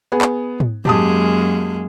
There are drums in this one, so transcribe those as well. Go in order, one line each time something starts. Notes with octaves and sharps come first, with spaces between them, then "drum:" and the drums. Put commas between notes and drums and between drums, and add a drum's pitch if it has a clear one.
B3 G#4
drum: clap
drum: tom
F#2 G#3 A#3 G4 A5 D#6, drum: tom